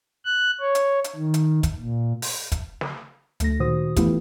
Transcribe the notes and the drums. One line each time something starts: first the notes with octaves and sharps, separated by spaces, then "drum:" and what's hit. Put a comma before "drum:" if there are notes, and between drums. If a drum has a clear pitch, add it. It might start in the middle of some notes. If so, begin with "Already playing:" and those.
F#6
C#5
drum: hi-hat
drum: hi-hat
D#3
drum: hi-hat
drum: kick, hi-hat
A#2
drum: open hi-hat
drum: kick, hi-hat
drum: snare
D2 A3 A#6, drum: hi-hat
A#2 D#3 F#4 C5 D#6
E3 A3 B3 E4 F4 G4, drum: kick, hi-hat